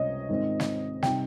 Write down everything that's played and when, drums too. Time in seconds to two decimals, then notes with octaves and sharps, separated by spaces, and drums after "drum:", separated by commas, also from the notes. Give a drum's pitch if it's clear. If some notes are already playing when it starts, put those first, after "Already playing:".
Already playing: C#2 C3 G3 C#4 C#5 D#5
0.29 G#2 D#3 G#3 C4
0.60 drum: snare
1.03 C3 G3 C4 D#4 G5, drum: snare